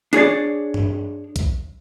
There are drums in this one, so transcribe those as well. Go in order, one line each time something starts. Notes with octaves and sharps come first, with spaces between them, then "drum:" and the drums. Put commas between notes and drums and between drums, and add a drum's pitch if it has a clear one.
D4 G#4 C#5 D5, drum: hi-hat
drum: tom G2
drum: kick B1, hi-hat